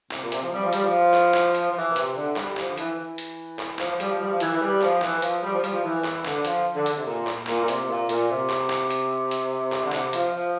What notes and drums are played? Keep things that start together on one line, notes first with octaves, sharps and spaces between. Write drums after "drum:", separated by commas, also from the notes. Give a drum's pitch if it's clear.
C3, drum: clap
A#2
C3, drum: hi-hat
F3
G3
F3
G3, drum: hi-hat
F3
drum: clap
drum: clap
drum: hi-hat
F3
E3
A#2
C3, drum: hi-hat
D3
G3, drum: clap
F3, drum: clap
D3
E3, drum: hi-hat
E3
drum: hi-hat
drum: clap
F3, drum: clap
F3
G3, drum: hi-hat
F3
G3
F3
E3, drum: hi-hat
E3
G3
F3, drum: clap
E3, drum: clap
F3, drum: hi-hat
G3
F3
G3, drum: hi-hat
F3
E3
drum: clap
D3, drum: clap
F3, drum: hi-hat
D3
D3, drum: hi-hat
C3
A#2
drum: clap
A#2, drum: clap
A#2
C3, drum: hi-hat
A#2
A#2, drum: hi-hat
C3
drum: clap
drum: clap
drum: hi-hat
drum: hi-hat
drum: clap
D3
C3, drum: clap
F3, drum: hi-hat
F3